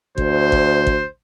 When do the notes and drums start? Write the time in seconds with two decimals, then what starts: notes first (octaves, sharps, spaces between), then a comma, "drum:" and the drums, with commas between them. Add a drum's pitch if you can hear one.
0.18 D2 C5, drum: kick
0.52 drum: kick
0.87 drum: kick